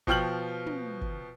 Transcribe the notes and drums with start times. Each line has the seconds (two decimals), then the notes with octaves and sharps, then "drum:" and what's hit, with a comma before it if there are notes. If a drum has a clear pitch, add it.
0.07 B2 F3 G5 F6 G6 F#7, drum: kick
0.66 drum: tom
1.01 drum: kick